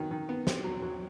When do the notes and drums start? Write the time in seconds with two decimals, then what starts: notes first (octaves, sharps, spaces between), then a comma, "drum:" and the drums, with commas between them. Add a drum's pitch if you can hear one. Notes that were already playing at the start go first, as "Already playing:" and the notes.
Already playing: D#3 F#3 B3
0.11 D#3
0.29 B3
0.47 C4, drum: snare
0.64 F#3
0.82 F#3